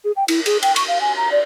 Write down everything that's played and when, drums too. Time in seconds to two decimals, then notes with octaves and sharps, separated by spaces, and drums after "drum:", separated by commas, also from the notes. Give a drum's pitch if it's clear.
0.05 G#4
0.16 G5
0.28 E4, drum: cymbal
0.46 G#4, drum: cymbal
0.63 G5, drum: cymbal
0.76 C#6, drum: cymbal
0.88 F5
1.01 G#5
1.17 A#5
1.32 D5